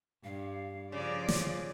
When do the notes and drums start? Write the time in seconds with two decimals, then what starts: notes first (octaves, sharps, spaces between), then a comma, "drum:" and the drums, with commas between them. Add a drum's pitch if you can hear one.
0.24 G2 F5
0.92 C#3 F3 F4 D5
1.28 drum: snare